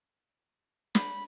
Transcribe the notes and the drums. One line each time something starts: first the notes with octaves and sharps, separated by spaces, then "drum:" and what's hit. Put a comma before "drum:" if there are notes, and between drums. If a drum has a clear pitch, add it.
B5, drum: snare